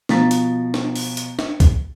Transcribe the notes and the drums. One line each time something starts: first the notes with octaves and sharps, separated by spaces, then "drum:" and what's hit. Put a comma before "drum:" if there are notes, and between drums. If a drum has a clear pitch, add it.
B2 F3 A#5 A6 B6, drum: snare
drum: hi-hat
drum: snare
drum: open hi-hat
drum: hi-hat
drum: snare
drum: kick C2, hi-hat